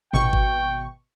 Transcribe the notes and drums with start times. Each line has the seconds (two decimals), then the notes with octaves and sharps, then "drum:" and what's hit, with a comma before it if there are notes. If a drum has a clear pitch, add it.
0.13 G#1 B2 G5 C#6, drum: tom
0.33 drum: kick G1